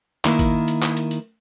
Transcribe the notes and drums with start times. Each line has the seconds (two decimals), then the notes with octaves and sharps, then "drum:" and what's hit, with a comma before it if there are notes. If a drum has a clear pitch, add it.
0.25 D#3 A#3 E4, drum: clap
0.39 drum: kick G#1, hi-hat
0.68 drum: hi-hat
0.82 drum: clap
0.97 drum: hi-hat
1.11 drum: hi-hat